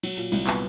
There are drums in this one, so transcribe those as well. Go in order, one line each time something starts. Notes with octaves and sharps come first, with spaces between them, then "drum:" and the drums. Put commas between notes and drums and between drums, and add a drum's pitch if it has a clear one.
F#3, drum: cymbal
A#2, drum: cymbal
C2, drum: cymbal
B3, drum: clap